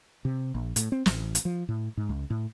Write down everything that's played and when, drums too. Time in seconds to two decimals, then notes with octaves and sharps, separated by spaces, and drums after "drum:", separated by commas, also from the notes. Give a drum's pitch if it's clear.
0.25 C3
0.55 A#1
0.76 A2, drum: hi-hat
0.92 C4
1.06 A1, drum: snare
1.35 drum: hi-hat
1.45 F3
1.69 A2
1.97 G#2
2.09 C#2
2.30 A2